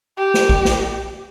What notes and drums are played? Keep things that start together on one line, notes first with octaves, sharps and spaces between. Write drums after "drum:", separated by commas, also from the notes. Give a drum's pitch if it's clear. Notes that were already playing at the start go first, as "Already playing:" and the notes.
G4
drum: snare
drum: kick
drum: snare